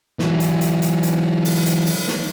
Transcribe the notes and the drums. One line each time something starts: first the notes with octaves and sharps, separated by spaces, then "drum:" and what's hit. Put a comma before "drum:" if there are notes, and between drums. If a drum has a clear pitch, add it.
E3 F#3, drum: snare
drum: hi-hat
drum: hi-hat
drum: hi-hat
drum: hi-hat
drum: open hi-hat
drum: hi-hat
drum: open hi-hat
drum: snare